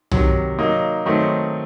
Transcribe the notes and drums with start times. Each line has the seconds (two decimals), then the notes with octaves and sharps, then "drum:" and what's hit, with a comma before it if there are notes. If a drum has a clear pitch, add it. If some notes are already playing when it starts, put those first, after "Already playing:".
0.11 C3 D#3 F#3, drum: tom
0.59 F#3 A#3 D#4
1.06 D#3 F#3 A3 C4 D#4